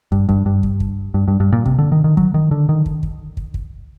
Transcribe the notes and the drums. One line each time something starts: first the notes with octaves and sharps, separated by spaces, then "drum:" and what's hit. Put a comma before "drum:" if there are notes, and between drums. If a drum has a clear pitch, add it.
G2, drum: kick
G2, drum: kick
G2
drum: kick
drum: kick
G2
G2
G2
A#2
C3, drum: kick
D3
D#3
D#3
F#3, drum: kick
D#3
D3
D#3
drum: kick
drum: kick
drum: kick
drum: kick